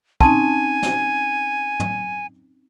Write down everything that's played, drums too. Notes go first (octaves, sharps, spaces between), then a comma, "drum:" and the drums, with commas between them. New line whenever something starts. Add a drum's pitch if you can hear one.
C4 C#4 D#4 G#5 A5, drum: kick
drum: snare
drum: tom